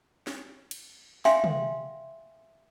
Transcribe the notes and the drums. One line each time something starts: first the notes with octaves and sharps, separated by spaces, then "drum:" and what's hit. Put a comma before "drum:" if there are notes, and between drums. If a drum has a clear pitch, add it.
drum: snare
drum: cymbal
E5 F5 G5 G#5 C6, drum: snare
drum: tom